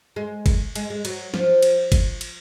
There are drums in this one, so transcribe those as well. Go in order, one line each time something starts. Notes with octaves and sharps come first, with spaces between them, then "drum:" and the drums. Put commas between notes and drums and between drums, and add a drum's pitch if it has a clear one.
G#3
drum: kick G1, cymbal
G#3, drum: cymbal
G#3
F#3, drum: cymbal
F3, drum: snare
drum: cymbal
drum: kick G1, cymbal
drum: cymbal